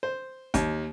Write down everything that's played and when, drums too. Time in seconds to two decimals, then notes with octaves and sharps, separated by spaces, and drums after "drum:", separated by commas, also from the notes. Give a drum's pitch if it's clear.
0.03 C5
0.54 D#2, drum: kick G#1, hi-hat